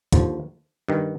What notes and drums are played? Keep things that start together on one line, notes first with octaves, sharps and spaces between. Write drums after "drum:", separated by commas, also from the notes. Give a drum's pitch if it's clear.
D#2 D3 F3, drum: kick, hi-hat
G2 D#3